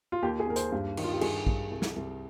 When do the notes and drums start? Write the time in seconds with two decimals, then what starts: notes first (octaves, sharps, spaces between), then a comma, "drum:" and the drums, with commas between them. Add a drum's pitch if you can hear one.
0.12 F4
0.23 D#2 G4
0.40 G#4
0.47 D#2 A#4
0.56 C5, drum: hi-hat
0.72 G2
0.97 D#3, drum: cymbal
1.04 F4
1.13 G4
1.21 G2 G#4, drum: cymbal
1.47 G2, drum: kick
1.71 C2
1.82 drum: snare
1.96 C2